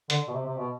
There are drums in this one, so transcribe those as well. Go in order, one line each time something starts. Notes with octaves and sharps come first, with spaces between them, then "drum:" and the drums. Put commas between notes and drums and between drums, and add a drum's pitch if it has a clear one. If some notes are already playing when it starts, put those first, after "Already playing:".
D3, drum: hi-hat
B2
C3
C3
B2